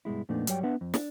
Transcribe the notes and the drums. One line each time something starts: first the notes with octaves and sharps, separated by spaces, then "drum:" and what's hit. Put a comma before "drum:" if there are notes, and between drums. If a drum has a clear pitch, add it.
G2 B2 G#3 E4
F2 A#2 A3 B3 D4 D#4
G2 F#3 G3 C#5 G5, drum: hi-hat
B3 D4 B4 E5 F#5
F2
D4, drum: snare